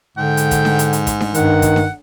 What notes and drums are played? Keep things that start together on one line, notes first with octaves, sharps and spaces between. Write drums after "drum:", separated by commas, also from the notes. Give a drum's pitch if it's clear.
G#2 D3 G5
drum: hi-hat
drum: kick, hi-hat
drum: snare D4
drum: hi-hat
drum: hi-hat
drum: kick, hi-hat
drum: snare D4
G2 D#3 F#5, drum: hi-hat
drum: kick, hi-hat
drum: snare D4